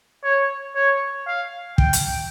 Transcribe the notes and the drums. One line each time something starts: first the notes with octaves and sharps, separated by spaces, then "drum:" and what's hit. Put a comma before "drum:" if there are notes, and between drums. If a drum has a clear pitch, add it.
C#5
C#5
F5
G5, drum: kick
drum: hi-hat